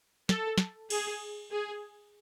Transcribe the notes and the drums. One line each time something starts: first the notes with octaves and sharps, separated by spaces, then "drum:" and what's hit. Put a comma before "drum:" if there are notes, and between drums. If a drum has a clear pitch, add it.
A4, drum: snare
drum: snare
G#4, drum: cymbal
G#4